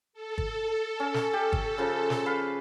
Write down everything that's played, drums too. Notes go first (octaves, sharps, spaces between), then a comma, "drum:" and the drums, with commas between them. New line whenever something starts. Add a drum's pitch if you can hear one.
A4
drum: kick G1
C#4
drum: snare
G4
drum: kick G1
C#3 F3
drum: snare
B4 F5